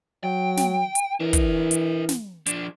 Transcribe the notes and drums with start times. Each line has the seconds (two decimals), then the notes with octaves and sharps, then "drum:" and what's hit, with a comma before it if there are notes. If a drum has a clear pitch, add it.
0.24 F#3 G5
0.57 drum: snare
0.95 drum: hi-hat
1.20 E3 D4 A#4
1.33 drum: kick, hi-hat
1.71 drum: hi-hat
2.09 drum: snare
2.46 F3 D4, drum: hi-hat